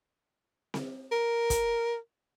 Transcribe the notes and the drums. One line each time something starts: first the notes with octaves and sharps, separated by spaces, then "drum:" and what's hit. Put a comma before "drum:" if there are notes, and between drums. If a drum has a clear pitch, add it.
drum: snare C4
A#4
drum: kick, hi-hat